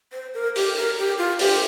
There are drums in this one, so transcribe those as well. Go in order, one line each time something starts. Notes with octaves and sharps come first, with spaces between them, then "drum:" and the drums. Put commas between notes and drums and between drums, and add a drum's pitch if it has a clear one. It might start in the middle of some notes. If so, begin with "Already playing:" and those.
C5
A#4
G4, drum: open hi-hat
A#4
G4
F4
G4, drum: open hi-hat